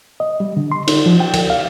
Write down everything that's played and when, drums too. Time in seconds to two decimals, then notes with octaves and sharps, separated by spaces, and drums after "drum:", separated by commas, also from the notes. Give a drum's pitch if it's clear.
0.20 D#5
0.40 G3
0.57 D3
0.72 C6
0.88 D#4, drum: cymbal
1.06 F3
1.20 G5
1.33 D2, drum: cymbal
1.50 F5